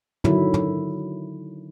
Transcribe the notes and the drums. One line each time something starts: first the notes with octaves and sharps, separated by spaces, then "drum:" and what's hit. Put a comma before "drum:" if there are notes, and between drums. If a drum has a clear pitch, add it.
D3 D#3 F#3 E4, drum: tom
drum: tom